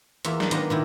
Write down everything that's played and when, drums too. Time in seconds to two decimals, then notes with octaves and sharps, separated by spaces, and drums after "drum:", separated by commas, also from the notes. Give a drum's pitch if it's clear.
0.25 E2 A#3 F4 E5, drum: hi-hat
0.40 D4 A5, drum: snare
0.51 D#3 A#3 B3 D4 A#5 C6, drum: hi-hat
0.70 A#2 D#3 E4